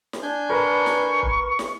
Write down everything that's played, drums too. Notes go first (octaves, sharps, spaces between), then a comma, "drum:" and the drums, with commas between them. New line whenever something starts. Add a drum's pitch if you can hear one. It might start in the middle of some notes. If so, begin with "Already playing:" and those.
drum: snare
D4 G#5 G6
A#4 B4 C#6
drum: snare
drum: kick
drum: snare